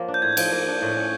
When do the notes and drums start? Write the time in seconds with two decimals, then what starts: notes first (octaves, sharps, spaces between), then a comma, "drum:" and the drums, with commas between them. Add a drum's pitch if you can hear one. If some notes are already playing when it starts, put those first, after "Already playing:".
Already playing: F3 F#3 A#3
0.08 D4
0.14 G6
0.22 A2 G#6
0.33 G#6
0.37 F3 G6, drum: cymbal
0.52 A#3
0.67 D4
0.82 A2
0.97 C#4